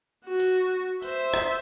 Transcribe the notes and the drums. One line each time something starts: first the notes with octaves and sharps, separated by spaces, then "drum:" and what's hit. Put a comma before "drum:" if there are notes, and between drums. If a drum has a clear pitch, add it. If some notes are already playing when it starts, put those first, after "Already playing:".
F#4
drum: tambourine
C5 E5, drum: tambourine
drum: rim click